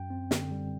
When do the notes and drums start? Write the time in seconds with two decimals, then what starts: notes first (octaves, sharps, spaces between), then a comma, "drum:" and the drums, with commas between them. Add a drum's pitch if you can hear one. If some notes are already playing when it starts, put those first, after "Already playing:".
Already playing: F#2 G5
0.10 C4
0.31 D3, drum: snare
0.51 G3